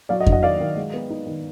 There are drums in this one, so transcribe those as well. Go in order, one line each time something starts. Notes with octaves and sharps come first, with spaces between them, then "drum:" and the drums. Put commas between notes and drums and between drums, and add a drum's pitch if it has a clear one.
F#3 D5 F5
D#5 F#5
D4, drum: kick F2
D#5 F#5
D#3 D5 F5
D#3
G#3
B3
D#4
D#3